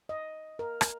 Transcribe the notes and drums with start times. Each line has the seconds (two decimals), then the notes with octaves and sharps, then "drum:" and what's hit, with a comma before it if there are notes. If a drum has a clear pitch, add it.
0.09 D#5
0.59 A#4
0.81 drum: rim click